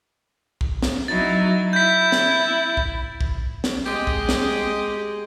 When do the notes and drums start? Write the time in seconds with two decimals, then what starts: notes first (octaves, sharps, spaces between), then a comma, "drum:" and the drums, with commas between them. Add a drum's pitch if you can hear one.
0.61 drum: kick
0.82 drum: snare
1.08 F#3 D#4 E4 A6
1.73 E4 G6 B6
2.12 drum: snare
2.77 drum: kick
3.21 drum: kick
3.64 drum: snare
3.85 G#3 G4 D#5
4.07 drum: kick
4.29 drum: snare